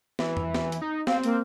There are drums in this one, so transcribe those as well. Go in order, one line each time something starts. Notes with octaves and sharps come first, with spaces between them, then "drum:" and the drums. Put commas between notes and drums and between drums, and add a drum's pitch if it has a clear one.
E3, drum: snare
drum: tom E2
drum: snare
drum: hi-hat
D#4
C4 F5, drum: snare
A#3, drum: hi-hat